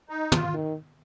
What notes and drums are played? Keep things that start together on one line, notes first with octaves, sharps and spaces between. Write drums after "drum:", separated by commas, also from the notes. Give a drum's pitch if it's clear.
D#4
F4, drum: tom
D#3